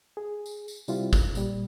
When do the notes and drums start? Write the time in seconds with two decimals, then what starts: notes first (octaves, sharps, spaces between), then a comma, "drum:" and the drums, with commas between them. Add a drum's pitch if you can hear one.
0.17 G#4
0.46 drum: tambourine
0.68 drum: tambourine
0.88 C3 G3 C4 E4 F4 G4, drum: tambourine
1.13 drum: kick, tambourine
1.35 A#2 G3, drum: tambourine